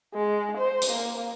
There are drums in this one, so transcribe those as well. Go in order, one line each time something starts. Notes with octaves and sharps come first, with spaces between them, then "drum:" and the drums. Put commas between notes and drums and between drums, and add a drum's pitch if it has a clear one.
G#3
C5
drum: hi-hat
A#3